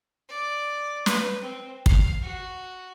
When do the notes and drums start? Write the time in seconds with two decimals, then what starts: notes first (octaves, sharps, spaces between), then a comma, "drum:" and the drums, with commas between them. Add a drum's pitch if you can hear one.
0.29 D5
1.06 B4, drum: snare
1.42 C4
1.86 F5, drum: kick
2.22 F#4